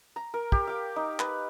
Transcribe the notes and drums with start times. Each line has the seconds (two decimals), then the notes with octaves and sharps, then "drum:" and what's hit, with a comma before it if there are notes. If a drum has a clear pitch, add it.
0.16 A#5
0.34 A#4
0.52 G4, drum: kick
0.67 F5 G5
0.96 D#4
1.20 B4, drum: clap